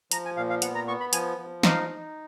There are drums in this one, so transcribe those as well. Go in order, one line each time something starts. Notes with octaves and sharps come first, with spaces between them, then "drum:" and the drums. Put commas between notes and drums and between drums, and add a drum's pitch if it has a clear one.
F3 A#5, drum: hi-hat
G#5
A#2 F5
F5
B3 F#5, drum: hi-hat
A#5
B3 C#6
B5
F3 G#5, drum: hi-hat
F3
D#4 F5, drum: snare
D#4